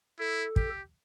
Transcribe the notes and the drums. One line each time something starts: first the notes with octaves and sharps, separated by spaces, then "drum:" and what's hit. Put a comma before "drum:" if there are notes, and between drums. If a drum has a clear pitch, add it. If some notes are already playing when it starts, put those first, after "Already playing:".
E4 A4
G4, drum: kick